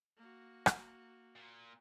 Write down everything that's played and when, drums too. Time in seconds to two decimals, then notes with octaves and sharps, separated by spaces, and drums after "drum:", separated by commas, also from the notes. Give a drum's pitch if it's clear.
0.17 A#3 F#4
0.66 drum: rim click
1.36 A#2